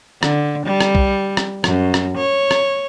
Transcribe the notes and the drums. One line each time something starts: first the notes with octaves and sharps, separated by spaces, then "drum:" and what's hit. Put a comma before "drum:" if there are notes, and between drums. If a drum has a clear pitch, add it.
D3, drum: rim click
G3
drum: rim click
drum: kick
drum: rim click
F#2, drum: rim click
drum: rim click
C#5
drum: rim click